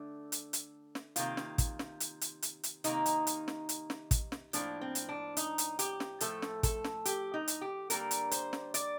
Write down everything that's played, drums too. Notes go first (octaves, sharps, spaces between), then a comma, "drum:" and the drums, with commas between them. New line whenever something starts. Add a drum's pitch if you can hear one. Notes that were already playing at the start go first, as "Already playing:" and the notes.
Already playing: D3 A3
drum: hi-hat
drum: hi-hat
drum: snare
C3 D#3 A#3 F4, drum: hi-hat
drum: snare
drum: kick, hi-hat
drum: snare
drum: hi-hat
drum: hi-hat
drum: hi-hat
drum: hi-hat
C3 D#3 A#3 D#4, drum: hi-hat
drum: hi-hat
drum: hi-hat
drum: snare
drum: hi-hat
drum: snare
drum: kick, hi-hat
drum: snare
A2 F3 A#3 D4, drum: hi-hat
C4
drum: hi-hat
D4
D#4, drum: hi-hat
drum: hi-hat
G4, drum: hi-hat
drum: snare
A2 F3 A3 A4, drum: hi-hat
drum: snare
A4, drum: kick, hi-hat
drum: snare
G4, drum: hi-hat
D#4
drum: hi-hat
G4
D3 G3 A#3 A#4, drum: hi-hat
drum: hi-hat
C5, drum: hi-hat
drum: snare
D5, drum: hi-hat